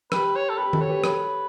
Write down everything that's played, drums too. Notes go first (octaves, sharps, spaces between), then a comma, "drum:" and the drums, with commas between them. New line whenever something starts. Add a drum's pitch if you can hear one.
G4 B4, drum: rim click
C#5
A4
G4 B4
F#4 A4, drum: tom D#3
C#5
G4 B4
A4 B4 C#5, drum: rim click